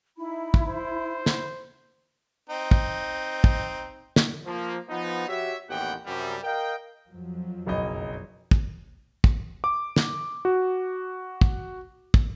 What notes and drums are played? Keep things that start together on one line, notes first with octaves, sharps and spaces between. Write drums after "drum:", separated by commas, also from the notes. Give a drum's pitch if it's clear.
D#4 E4 B5
drum: kick
C5
drum: snare
C4 D#4
drum: kick
drum: kick
drum: snare
F3 A#3
F3 B3 D#4
F#4 G4 C#5 E5
A1 D#2 B3 G4 F#5 G5
F#2 C3 G3
A#4 D#5 F5 G5
F2 F3 F#3
F#1 B1 D#5
drum: kick
drum: kick
D6
drum: snare
F#4
drum: kick
drum: kick